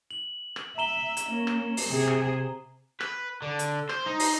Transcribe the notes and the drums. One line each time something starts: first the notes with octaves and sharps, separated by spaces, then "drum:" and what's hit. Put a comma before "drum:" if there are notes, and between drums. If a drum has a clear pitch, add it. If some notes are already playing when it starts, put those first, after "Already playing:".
F#7
drum: rim click
E5 A#5 E7 G7
drum: hi-hat
A#3 C#4
drum: rim click
drum: open hi-hat
C3 G#4
drum: rim click
B4, drum: rim click
D3
drum: hi-hat
C5, drum: rim click
D#4
drum: open hi-hat